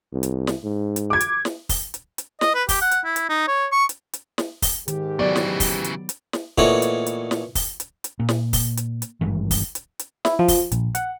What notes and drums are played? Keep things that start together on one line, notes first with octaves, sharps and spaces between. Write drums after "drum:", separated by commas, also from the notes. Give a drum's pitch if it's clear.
C2
drum: hi-hat
drum: snare
G#2
drum: hi-hat
D6 G#6
drum: hi-hat
drum: snare
drum: kick, open hi-hat
drum: hi-hat
drum: hi-hat
D#5, drum: snare
B4
G4, drum: kick, open hi-hat
F#5
drum: hi-hat
E4
drum: hi-hat
D#4
C#5
C#6
drum: hi-hat
drum: hi-hat
drum: snare
drum: kick, open hi-hat
G#2 D#3 G4, drum: hi-hat
C#3 E3 F#3 B3 D5
drum: snare
drum: kick, open hi-hat
drum: hi-hat
drum: hi-hat
drum: snare
A#2 E3 A3 B3 C#5 D#5, drum: kick
drum: hi-hat
drum: hi-hat
drum: snare
drum: kick, open hi-hat
drum: hi-hat
drum: hi-hat
A#2
drum: snare
drum: kick, open hi-hat
drum: hi-hat
drum: hi-hat
G#1 G2 E3
drum: kick, open hi-hat
drum: hi-hat
drum: hi-hat
E4, drum: snare
F3
drum: kick, open hi-hat
A#1, drum: hi-hat
F#5, drum: hi-hat